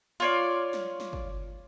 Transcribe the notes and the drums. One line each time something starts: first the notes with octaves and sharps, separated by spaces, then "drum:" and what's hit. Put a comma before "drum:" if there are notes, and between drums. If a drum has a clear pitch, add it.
F4 C#5 D5
drum: snare
drum: snare
drum: kick